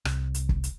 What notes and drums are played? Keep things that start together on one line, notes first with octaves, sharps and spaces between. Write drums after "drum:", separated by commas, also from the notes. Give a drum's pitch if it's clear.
C2, drum: rim click
drum: hi-hat
drum: kick
drum: hi-hat